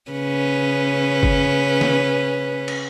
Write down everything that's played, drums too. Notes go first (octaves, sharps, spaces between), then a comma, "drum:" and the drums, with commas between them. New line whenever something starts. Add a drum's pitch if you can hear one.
C#3 C#4 B4
drum: kick G1
drum: snare
drum: cymbal